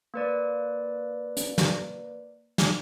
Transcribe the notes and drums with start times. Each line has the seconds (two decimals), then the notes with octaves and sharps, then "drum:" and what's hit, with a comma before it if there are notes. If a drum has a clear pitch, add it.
0.14 A#3 B4 D5
1.37 drum: hi-hat
1.58 drum: snare
2.58 drum: snare